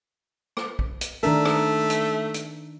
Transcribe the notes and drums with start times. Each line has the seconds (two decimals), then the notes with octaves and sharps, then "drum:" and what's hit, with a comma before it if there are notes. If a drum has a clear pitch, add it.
0.57 drum: rim click
0.79 drum: kick
1.01 drum: hi-hat
1.23 D#3 A3 D4 A#4
1.45 drum: rim click
1.90 drum: hi-hat
2.34 drum: hi-hat